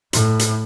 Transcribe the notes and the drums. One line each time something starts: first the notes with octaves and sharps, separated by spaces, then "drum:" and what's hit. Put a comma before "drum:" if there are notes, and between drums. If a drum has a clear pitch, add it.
A2, drum: hi-hat
drum: hi-hat